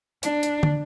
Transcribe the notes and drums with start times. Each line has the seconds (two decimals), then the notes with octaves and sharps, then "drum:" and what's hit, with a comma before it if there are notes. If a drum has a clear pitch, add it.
0.23 D4, drum: hi-hat
0.43 drum: hi-hat
0.63 drum: tom